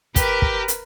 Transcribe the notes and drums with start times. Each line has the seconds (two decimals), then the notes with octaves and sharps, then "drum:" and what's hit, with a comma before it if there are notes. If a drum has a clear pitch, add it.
0.16 G4 A#4 B4, drum: kick, hi-hat
0.42 drum: kick
0.68 drum: hi-hat